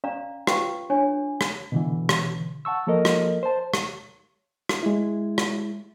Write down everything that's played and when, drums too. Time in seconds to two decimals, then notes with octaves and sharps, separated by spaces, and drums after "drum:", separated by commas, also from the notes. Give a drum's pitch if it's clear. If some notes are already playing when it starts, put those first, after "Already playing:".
0.04 C#4 D5 F5 A#5
0.47 F4 G4 B4 F5 G5 C#6, drum: rim click
0.90 D4 E4 C#5 G#5
1.14 D4
1.41 drum: rim click
1.72 B2 D3 E3
2.09 drum: rim click
2.65 F#5 A5 C#6 E6
2.87 F3 A#3 A4 A#4 D#5
3.05 drum: rim click
3.43 C5 A5
3.74 drum: rim click
4.69 drum: rim click
4.83 G#3 E4
5.38 drum: rim click